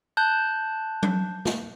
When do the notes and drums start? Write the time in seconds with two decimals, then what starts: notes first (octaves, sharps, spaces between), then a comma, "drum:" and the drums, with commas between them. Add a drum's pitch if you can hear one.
0.17 A5 F#6 G6
1.03 drum: tom F#3
1.45 drum: snare